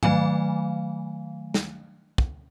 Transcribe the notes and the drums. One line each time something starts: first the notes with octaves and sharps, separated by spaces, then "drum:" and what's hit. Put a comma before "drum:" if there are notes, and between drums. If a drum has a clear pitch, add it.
D#3 F#3 A3 F5 G#5, drum: tom G#2
drum: snare
drum: kick